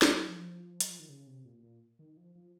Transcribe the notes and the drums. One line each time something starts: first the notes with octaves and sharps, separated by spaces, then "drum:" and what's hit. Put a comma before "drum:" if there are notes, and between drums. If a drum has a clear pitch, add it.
F#3, drum: snare
F3
F#3, drum: hi-hat
F3
D#3
C#3
C3
A#2
A#2
D#3
F3
F3